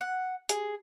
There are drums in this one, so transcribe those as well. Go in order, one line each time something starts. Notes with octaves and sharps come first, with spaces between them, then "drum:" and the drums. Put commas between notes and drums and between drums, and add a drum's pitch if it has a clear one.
F#5
G#4, drum: hi-hat